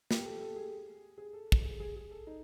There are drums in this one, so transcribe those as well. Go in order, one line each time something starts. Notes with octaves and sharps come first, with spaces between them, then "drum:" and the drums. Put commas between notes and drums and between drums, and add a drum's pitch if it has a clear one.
G4, drum: snare
A4
A4
G#4
G#4
A4
drum: kick
G#4
G#4
G#4
A4
D#4